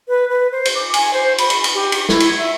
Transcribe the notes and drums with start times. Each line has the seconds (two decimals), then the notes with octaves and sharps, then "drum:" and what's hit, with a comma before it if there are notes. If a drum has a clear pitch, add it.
0.08 B4
0.29 B4
0.52 C5
0.65 drum: cymbal
0.75 D6
0.94 G#5, drum: cymbal
1.13 C5
1.38 B5, drum: cymbal
1.50 drum: cymbal
1.64 drum: cymbal
1.74 G4
1.92 drum: cymbal
2.09 E4, drum: snare
2.20 drum: cymbal
2.38 E5